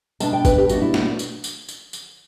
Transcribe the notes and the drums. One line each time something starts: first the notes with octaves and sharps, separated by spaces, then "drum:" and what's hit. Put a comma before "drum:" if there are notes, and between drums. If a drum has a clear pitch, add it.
B2 A3 D4 A5, drum: tambourine
G5
B4, drum: kick, tambourine
G4
B2 A3 D4 F#4, drum: tambourine
E4
F#4, drum: snare
drum: tambourine
drum: tambourine
drum: tambourine
drum: tambourine